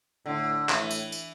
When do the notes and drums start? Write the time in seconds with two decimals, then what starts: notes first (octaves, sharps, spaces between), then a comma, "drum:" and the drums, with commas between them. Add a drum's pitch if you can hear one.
0.26 A2 D3
0.69 A2 E3, drum: clap
0.91 drum: tambourine
1.12 drum: tambourine